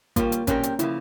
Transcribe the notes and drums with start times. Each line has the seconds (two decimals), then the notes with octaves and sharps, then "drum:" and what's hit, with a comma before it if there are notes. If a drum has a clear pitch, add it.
0.16 G3 A#3 C#4 F4, drum: kick, hi-hat
0.32 drum: hi-hat
0.47 A#2 G3 C4 C#4 G4 A#4, drum: kick, hi-hat
0.63 drum: hi-hat
0.79 C#3 F3 A#3 E4, drum: hi-hat